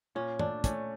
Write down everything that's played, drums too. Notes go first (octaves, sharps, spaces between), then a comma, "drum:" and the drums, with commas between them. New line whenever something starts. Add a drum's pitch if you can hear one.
A#2 C#4
A3 D4, drum: tom
A3 C#4, drum: kick, hi-hat